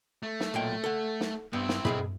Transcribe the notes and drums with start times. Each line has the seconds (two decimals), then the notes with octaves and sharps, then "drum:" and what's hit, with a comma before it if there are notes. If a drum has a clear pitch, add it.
0.23 A3
0.40 drum: snare
0.54 B1 A#2 G5
0.84 A4 F#5
1.21 drum: snare
1.53 G2 B3 C4 E4
1.69 drum: snare
1.85 B2 G#4 B5, drum: tom